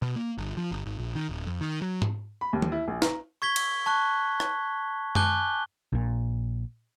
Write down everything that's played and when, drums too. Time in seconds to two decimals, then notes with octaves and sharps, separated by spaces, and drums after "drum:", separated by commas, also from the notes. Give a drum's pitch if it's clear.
0.02 B2
0.16 A#3
0.38 G1
0.57 F3
0.71 G1
0.86 G#1
0.99 A#1
1.15 D#3
1.29 D1
1.47 F2
1.61 D#3
1.82 F#3
2.02 drum: tom G#2
2.41 B5
2.53 D#2
2.62 drum: tom
2.72 E4
2.88 A#1
3.02 A#5, drum: snare
3.42 C#6 G#6 B6 G7
3.56 drum: cymbal
3.86 A5 C#6 F#6
4.40 drum: rim click
5.15 G#5 A5 D6 F#6 G6 G7, drum: tom F#2
5.92 A#1 A#2